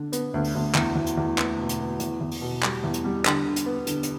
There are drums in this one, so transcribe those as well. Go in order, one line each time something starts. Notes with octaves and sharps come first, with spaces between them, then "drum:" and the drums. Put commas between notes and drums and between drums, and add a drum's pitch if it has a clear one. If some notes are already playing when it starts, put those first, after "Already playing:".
Already playing: D3 D4
B3, drum: hi-hat
D2
drum: open hi-hat
D2
E2, drum: clap
E2
drum: hi-hat
E2
B3, drum: clap
B2
drum: hi-hat
B3
E2, drum: hi-hat
E2
drum: open hi-hat
B2
G3, drum: clap
E2
drum: hi-hat
G3
D3, drum: clap
D3
drum: hi-hat
B3
D3, drum: hi-hat
drum: hi-hat